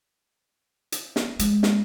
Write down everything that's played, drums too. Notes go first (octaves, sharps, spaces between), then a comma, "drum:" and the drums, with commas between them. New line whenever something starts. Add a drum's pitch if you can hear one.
drum: hi-hat
drum: snare
G#3, drum: hi-hat
drum: snare